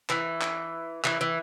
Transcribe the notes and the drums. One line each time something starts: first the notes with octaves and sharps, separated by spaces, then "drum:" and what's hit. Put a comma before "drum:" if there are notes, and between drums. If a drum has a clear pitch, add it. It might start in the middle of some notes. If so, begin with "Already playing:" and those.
E3, drum: clap
drum: clap
E3, drum: clap
E3